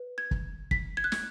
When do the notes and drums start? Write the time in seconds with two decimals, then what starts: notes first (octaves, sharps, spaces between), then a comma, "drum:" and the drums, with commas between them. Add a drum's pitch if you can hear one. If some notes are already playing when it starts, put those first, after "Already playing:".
Already playing: B4
0.18 G#6
0.31 drum: kick
0.71 B6, drum: kick
0.97 G#6
1.04 F#6
1.12 G#6, drum: snare